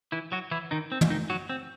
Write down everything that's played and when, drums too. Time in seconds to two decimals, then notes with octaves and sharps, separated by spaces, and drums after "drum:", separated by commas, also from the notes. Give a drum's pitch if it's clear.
0.12 E3 E4
0.32 F#3 F#4
0.51 E3 E4
0.71 D#3 D#4
0.92 C4
1.01 drum: tom
1.10 D#3 D#4
1.30 F#3 F#4
1.49 C4